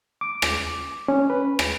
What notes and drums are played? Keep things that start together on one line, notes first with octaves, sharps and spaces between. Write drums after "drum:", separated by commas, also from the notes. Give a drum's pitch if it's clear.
D6
drum: rim click
C#4
B4
drum: rim click